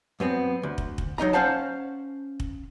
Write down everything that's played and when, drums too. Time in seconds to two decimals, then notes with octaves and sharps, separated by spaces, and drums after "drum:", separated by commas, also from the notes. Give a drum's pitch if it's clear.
0.20 F#2 B3 C4
0.63 D2
0.78 drum: kick
0.98 drum: kick
1.18 F#3 D#4 D#5 A#5
1.33 C#4 C5 F5 F#5 A5
2.40 drum: kick